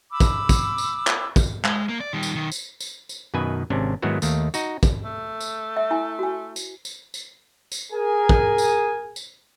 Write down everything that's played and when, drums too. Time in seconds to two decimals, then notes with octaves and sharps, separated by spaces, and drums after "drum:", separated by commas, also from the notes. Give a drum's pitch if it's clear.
0.11 B5 D6 E6
0.20 drum: kick, tambourine
0.49 drum: kick, tambourine
0.78 drum: tambourine
1.07 drum: clap
1.36 drum: kick, tambourine
1.65 G#3, drum: clap
1.89 A#3
2.01 D5
2.13 D#3 G3
2.23 drum: tambourine
2.35 B1 D#3
2.52 drum: tambourine
2.80 drum: tambourine
3.09 drum: tambourine
3.34 F#2 B2 D#3 B4 G#5
3.70 G#1 C3 C#4 D4
4.02 G#2 D#3 F#3 B3 E4 F#4
4.22 D#2 D#3 A3, drum: tambourine
4.54 D#4 F#4, drum: tambourine
4.83 drum: kick, tambourine
5.05 A3
5.41 drum: tambourine
5.77 E5
5.91 E4 G#5
6.19 F#4 G#5
6.56 drum: tambourine
6.85 drum: tambourine
7.14 drum: tambourine
7.72 drum: tambourine
7.92 G#4 A#4 G#5
8.29 drum: kick
8.58 drum: tambourine
9.16 drum: tambourine